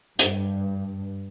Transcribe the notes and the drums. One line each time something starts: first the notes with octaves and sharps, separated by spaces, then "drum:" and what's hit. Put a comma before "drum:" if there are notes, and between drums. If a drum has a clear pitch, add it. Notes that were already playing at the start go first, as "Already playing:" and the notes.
G2, drum: hi-hat